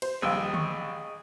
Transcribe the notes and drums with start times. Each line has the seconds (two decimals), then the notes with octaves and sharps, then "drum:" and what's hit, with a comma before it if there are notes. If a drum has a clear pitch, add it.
0.02 C5, drum: cymbal
0.22 D#1 A#1 C3 G#4 D#5 F5 G5 E6
0.54 C#6, drum: tom D3